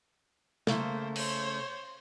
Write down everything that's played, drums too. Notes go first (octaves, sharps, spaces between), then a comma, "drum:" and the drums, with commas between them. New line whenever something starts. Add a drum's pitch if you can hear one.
C#3 A3 A#3 C5, drum: snare
C5 C#5, drum: cymbal